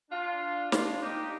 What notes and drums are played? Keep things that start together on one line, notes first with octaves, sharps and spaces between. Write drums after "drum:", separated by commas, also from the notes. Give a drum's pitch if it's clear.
D4 F4
D4 F4, drum: snare
D#4 G4